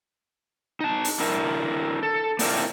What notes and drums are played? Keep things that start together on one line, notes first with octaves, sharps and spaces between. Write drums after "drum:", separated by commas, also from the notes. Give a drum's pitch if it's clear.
D#4 A5
drum: open hi-hat
D4 E4 A#4
A4
A#3 C4 D4 E4 F4 A#4, drum: open hi-hat